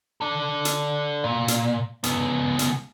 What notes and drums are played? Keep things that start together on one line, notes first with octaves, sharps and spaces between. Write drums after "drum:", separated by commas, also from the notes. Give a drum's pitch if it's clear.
A4 D5
drum: hi-hat
A#2
drum: hi-hat
C#2 B3, drum: hi-hat
drum: hi-hat